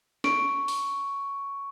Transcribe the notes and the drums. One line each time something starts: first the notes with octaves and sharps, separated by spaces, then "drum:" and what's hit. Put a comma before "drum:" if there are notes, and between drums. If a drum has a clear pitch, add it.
C#6 D7, drum: snare
drum: open hi-hat